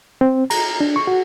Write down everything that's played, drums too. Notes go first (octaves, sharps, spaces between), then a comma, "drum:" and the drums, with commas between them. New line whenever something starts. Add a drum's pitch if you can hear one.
C4
A#5, drum: cymbal
D4
C#6
F#4